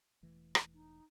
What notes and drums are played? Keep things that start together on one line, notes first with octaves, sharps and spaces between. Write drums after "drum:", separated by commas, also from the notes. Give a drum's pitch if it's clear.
E1 E3 A3
drum: rim click
D#4